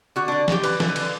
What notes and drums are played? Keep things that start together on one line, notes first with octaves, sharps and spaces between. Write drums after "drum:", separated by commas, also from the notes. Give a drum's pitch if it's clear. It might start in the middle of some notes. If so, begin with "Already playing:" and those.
D3 F#4
D3 D4
D3 G4, drum: snare
D3 B4, drum: cymbal
D3, drum: snare
B4
D3, drum: cymbal